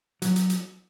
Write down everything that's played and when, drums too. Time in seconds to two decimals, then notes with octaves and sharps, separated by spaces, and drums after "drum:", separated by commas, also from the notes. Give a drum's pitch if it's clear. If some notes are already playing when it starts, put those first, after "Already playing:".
0.22 F#3, drum: hi-hat
0.36 drum: hi-hat
0.50 drum: hi-hat